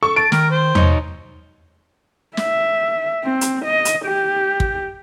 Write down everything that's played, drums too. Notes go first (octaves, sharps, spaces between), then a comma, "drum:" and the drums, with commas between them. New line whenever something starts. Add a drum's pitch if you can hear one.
A4 C#6
A5 D7
D#3 A#4, drum: snare
C5
D#4 C#5 D#5, drum: tom E2
E5, drum: snare
C4
drum: hi-hat
D#5
drum: hi-hat
G4
drum: kick